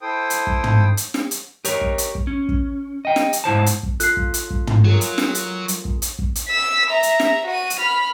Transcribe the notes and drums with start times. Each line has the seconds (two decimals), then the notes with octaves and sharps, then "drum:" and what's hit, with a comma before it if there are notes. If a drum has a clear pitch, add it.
0.01 E4 A4 C5 G5 D#6
0.30 drum: hi-hat
0.47 drum: kick
0.64 drum: tom
0.97 drum: hi-hat
1.14 drum: snare
1.31 drum: hi-hat
1.65 G4 A#4 C#5, drum: hi-hat
1.81 drum: kick
1.98 drum: hi-hat
2.15 drum: kick
2.27 C#4
2.49 drum: kick
3.05 D#5 G5
3.16 drum: snare
3.33 drum: hi-hat
3.44 G#2 E4 C5 A5
3.66 drum: hi-hat
3.83 drum: kick
4.00 F4 A4 F#6 C7, drum: hi-hat
4.17 drum: kick
4.34 drum: hi-hat
4.50 drum: kick
4.67 drum: tom
4.85 F#3 F4 G#4 A#4
5.01 drum: hi-hat
5.18 drum: snare
5.35 drum: hi-hat
5.68 drum: hi-hat
5.85 drum: kick
6.02 drum: hi-hat
6.19 drum: kick
6.35 drum: hi-hat
6.48 E6 B6
6.90 E5 A#5
7.03 drum: hi-hat
7.20 drum: snare
7.46 F#4 D#7
7.70 drum: hi-hat
7.79 B5 F6